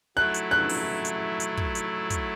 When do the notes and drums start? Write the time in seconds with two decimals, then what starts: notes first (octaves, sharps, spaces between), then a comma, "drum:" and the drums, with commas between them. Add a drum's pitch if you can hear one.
0.17 F#3 A3 E4 F#6
0.34 drum: hi-hat
0.51 F#6
0.69 drum: open hi-hat
1.05 drum: hi-hat
1.40 drum: hi-hat
1.57 drum: kick
1.75 drum: hi-hat
2.10 drum: kick, hi-hat